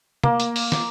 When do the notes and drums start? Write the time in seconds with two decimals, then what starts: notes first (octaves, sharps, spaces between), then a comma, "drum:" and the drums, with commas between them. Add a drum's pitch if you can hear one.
0.24 A#3, drum: tom
0.40 drum: hi-hat
0.56 drum: open hi-hat
0.72 drum: snare